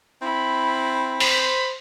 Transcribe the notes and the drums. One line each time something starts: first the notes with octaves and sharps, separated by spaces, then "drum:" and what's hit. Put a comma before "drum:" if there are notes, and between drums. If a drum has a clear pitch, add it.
C4 E4 B5
C5 B5, drum: open hi-hat